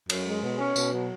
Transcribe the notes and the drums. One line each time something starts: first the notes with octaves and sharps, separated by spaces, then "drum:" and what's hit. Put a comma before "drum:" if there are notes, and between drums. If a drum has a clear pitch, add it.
F#2, drum: cymbal
G#3
B2
C#4
B2, drum: tambourine
F#3